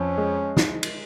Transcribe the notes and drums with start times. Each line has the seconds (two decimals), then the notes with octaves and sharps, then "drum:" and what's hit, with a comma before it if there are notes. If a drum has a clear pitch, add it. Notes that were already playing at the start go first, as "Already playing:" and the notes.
Already playing: F2 F3 C#4
0.18 G#3
0.57 drum: snare
0.83 drum: cymbal